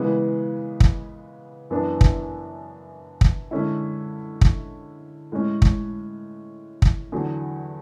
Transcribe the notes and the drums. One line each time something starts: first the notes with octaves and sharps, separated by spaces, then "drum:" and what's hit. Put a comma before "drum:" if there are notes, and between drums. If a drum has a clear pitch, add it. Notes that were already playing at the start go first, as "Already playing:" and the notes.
Already playing: C#3 E3 G#3 B3
drum: kick
F#2 E3 B3 D4
drum: kick
drum: kick
D3 G#3 C#4 E4
drum: kick
A2 G#3 C#4
drum: kick
drum: kick
E2 D3 F#3